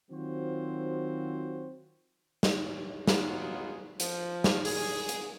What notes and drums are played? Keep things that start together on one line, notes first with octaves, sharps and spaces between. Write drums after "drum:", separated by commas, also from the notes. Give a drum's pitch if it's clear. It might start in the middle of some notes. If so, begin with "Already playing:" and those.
D#3 F#3 C4 F4 F#4 C5
drum: snare
B3 D#4 F4 F#4 G#4, drum: snare
F3, drum: hi-hat
drum: snare
G#4, drum: open hi-hat
drum: hi-hat